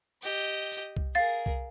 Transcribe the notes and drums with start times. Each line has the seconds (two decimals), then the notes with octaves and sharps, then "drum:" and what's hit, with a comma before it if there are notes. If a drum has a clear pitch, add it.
0.22 G4 D#5, drum: tambourine
0.72 drum: tambourine
0.97 drum: kick C2
1.15 G#4 A#4 F5 A6
1.46 drum: kick C2